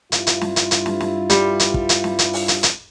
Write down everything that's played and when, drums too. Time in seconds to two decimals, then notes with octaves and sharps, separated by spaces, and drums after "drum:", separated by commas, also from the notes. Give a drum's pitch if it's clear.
0.12 G2 E4 F4, drum: hi-hat
0.27 drum: hi-hat
0.41 drum: snare
0.56 drum: hi-hat
0.71 drum: hi-hat
0.86 drum: snare
1.00 drum: snare
1.30 G3, drum: hi-hat
1.60 drum: hi-hat
1.74 drum: kick
1.89 drum: hi-hat
2.04 drum: snare
2.19 drum: hi-hat
2.33 drum: open hi-hat
2.48 drum: hi-hat
2.63 drum: hi-hat